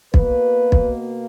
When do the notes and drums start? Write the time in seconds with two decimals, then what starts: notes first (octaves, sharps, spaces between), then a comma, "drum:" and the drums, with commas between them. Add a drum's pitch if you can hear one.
0.14 B2 A#3 B4, drum: kick
0.72 drum: kick